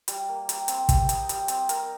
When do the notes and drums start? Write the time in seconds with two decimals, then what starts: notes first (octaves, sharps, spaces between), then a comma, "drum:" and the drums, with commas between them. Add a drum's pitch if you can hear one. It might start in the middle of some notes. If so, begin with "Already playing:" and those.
0.08 G3, drum: hi-hat
0.29 A#3
0.49 G4, drum: hi-hat
0.68 C4, drum: hi-hat
0.89 G4, drum: kick, hi-hat
1.09 D#5, drum: hi-hat
1.29 G3, drum: hi-hat
1.48 C4, drum: hi-hat
1.69 A#4, drum: hi-hat